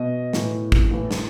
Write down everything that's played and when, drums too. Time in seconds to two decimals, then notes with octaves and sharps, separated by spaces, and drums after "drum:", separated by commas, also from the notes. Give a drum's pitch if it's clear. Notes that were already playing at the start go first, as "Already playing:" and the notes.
Already playing: B2 D#5
0.33 A2 E3, drum: snare
0.72 drum: kick
0.91 A2 E3
1.11 drum: snare